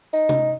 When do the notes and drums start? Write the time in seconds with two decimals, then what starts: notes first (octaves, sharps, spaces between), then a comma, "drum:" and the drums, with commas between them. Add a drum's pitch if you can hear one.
0.13 D#4, drum: tambourine
0.29 drum: tom C3